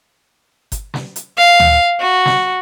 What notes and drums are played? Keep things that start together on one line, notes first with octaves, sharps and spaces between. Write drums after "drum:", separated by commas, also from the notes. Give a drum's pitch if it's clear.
drum: kick G1, hi-hat
drum: snare
drum: hi-hat
F5
drum: tom D2
F#4
drum: snare